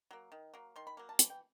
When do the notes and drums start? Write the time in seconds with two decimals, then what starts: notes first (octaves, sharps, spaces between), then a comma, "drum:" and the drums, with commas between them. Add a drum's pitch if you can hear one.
0.11 F#3 A#3
0.32 D#3
0.54 F#3 A#3
0.76 D#3 C6
0.87 B5
0.97 F#3 A#3
1.09 A5
1.19 E3 G#5, drum: hi-hat
1.30 G5